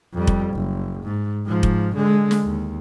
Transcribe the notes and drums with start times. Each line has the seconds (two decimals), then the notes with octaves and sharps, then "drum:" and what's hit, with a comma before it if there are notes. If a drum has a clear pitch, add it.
0.14 F2 G3
0.27 drum: kick F1
0.54 F#1
1.03 G#2
1.46 G#2 F3
1.63 drum: kick F1
1.95 D3 G#3
2.31 drum: snare
2.44 D#2